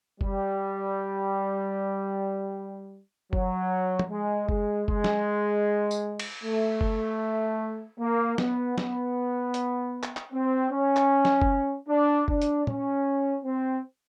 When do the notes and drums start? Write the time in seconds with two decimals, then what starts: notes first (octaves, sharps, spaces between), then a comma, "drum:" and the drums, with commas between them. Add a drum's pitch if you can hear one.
0.21 G3, drum: kick F#1
3.33 F#3, drum: kick F#1
3.99 drum: tom
4.10 G#3
4.49 G#3, drum: kick F#1
4.88 G#3, drum: kick F#1
5.04 drum: snare
5.91 drum: tambourine
6.20 drum: cymbal
6.44 A3
6.81 drum: kick F#1
8.00 A#3
8.38 B3, drum: snare
8.78 B3, drum: snare
9.54 drum: hi-hat
10.03 drum: clap
10.17 drum: clap
10.33 C4
10.72 C#4
10.96 drum: clap
11.25 drum: snare
11.42 drum: kick F#1
11.89 D4
12.28 D4, drum: kick F#1
12.42 drum: hi-hat
12.67 C#4, drum: tom
13.44 C4